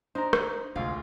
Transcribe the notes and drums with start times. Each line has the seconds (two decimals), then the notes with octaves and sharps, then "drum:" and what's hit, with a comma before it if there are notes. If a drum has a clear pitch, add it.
0.15 D4 D#4 C5 A#5
0.33 drum: rim click
0.76 D2 C3 G#3 F4 F5